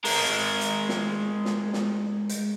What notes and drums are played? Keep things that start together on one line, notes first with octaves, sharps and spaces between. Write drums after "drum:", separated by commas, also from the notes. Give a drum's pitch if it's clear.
G#3 A#4, drum: open hi-hat
drum: hi-hat
drum: snare
drum: snare
drum: snare
drum: hi-hat